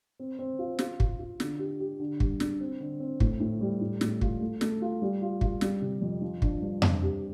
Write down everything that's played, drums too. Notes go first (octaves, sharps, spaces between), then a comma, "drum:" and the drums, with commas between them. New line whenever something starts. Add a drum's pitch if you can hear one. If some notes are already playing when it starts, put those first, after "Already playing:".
C4
C4
F4
F4, drum: snare
F4, drum: kick
F4
D3, drum: snare
G4
G4
D3
G3, drum: kick
D4, drum: snare
C4
D3
C4
A2, drum: kick
A2
G3
A2
A2, drum: snare
F4, drum: kick
A3
A3, drum: snare
F4
G3
F4
F4, drum: kick
G3, drum: snare
C3
F2
F3
D4, drum: kick
G2
C4, drum: tom F2
G4